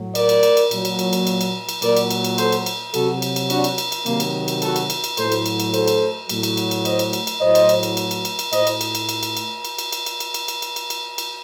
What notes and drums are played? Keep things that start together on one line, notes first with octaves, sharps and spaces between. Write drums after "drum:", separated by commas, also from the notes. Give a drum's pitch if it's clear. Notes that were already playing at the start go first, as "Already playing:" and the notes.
Already playing: A2 F#3
A#4 D5, drum: cymbal
drum: cymbal
drum: cymbal
drum: cymbal
A#2 F#3, drum: cymbal
drum: cymbal
drum: cymbal
drum: cymbal
drum: cymbal
drum: cymbal
drum: cymbal
A#2 F#3 A#4 D5, drum: cymbal
drum: cymbal
drum: cymbal
drum: cymbal
A4 C5, drum: cymbal
drum: cymbal
drum: cymbal
C3 F#3 F#4 A4, drum: cymbal
drum: cymbal
drum: cymbal
D4 F#4, drum: cymbal
drum: cymbal
drum: cymbal
drum: cymbal
C3 D#3 F#3 A#3, drum: cymbal
drum: cymbal
drum: cymbal
F#4 A4, drum: cymbal
drum: cymbal
drum: cymbal
drum: cymbal
A2 F#3 A4 C5, drum: cymbal
drum: cymbal
drum: cymbal
drum: cymbal
A4 C5, drum: cymbal
drum: cymbal
A2 F#3, drum: cymbal
drum: cymbal
drum: cymbal
drum: cymbal
C5 D#5, drum: cymbal
drum: cymbal
drum: cymbal
drum: cymbal
A2 F#3 C5 D#5
drum: cymbal
drum: cymbal
drum: cymbal
drum: cymbal
drum: cymbal
drum: cymbal
drum: cymbal
A2 C5 D#5, drum: cymbal
drum: cymbal
drum: cymbal
drum: cymbal
drum: cymbal
drum: cymbal
drum: cymbal
drum: cymbal
drum: cymbal
drum: cymbal
drum: cymbal
drum: cymbal
drum: cymbal
drum: cymbal
drum: cymbal
drum: cymbal
drum: cymbal
drum: cymbal